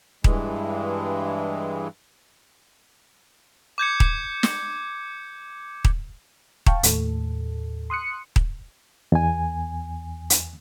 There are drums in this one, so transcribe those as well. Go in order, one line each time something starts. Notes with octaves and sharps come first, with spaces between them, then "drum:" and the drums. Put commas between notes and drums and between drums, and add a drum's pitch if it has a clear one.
G2 E3 G#3, drum: kick D#1
D6 G6 G#6 C#7
drum: kick D#1
drum: snare
drum: kick D#1
F5 G5 A5 C#6, drum: kick D#1
D#2 A2 A4, drum: hi-hat
C6 D#6 F#6 C#7
drum: kick D#1
E2 G#5
drum: hi-hat